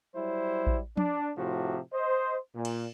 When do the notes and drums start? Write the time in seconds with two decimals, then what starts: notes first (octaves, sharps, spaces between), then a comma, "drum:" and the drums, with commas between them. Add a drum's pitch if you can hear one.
0.15 F#3 G3 E4 C5
0.67 drum: kick A1
0.97 D4, drum: tom F3
1.37 A2 C3 F3 F#4
1.93 C5 D#5
2.55 A#2
2.65 drum: cymbal